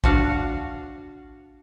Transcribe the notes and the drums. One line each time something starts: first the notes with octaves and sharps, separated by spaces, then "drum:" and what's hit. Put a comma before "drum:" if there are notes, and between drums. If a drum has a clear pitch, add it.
D4 F#4 F5 F#5, drum: kick A1